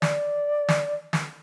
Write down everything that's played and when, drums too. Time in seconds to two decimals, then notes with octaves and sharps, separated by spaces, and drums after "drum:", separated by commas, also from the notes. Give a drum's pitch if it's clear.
0.02 D5, drum: snare
0.68 drum: snare
1.13 drum: snare